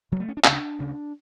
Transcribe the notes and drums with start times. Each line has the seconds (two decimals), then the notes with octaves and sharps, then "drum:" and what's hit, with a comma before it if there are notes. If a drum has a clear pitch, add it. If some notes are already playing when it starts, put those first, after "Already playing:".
0.12 D2 C#3 F#3
0.20 A3
0.29 C#4
0.37 D4
0.44 D2 C#3 C#4, drum: clap
0.52 D4
0.79 D2 C#3